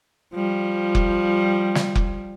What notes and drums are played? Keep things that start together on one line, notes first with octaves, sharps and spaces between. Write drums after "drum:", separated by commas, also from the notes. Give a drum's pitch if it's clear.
F3 G3
drum: kick F1
drum: snare
drum: kick F1